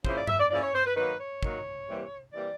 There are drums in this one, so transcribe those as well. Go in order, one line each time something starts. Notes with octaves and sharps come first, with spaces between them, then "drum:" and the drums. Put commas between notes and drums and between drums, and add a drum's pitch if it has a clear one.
C#3 F3 A#3 C#4 E4 C5, drum: kick
D5
E5, drum: tom G2
D5
C#3 F3 A#3 C#4 E4 D5
C#5
C5
B4
D#3 F#3 A#3 B4
C#5
D#3 F#3 A#3, drum: kick
C3 E3 G3 A#3
C3 E3 G3 A#3 D5